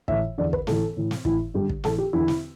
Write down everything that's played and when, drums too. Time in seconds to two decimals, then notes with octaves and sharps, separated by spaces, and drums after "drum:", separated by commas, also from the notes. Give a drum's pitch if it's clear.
0.08 A2 E3 E5, drum: kick
0.38 E2 D3 D5
0.53 B4, drum: kick
0.67 A2 E3 A4, drum: snare
0.97 A2 E3
1.11 drum: snare
1.25 A2 E3 E4, drum: kick
1.54 G2 D3 G4
1.69 drum: kick
1.84 A2 E3 A4, drum: snare
1.98 G4
2.13 E2 D3 E4
2.28 drum: snare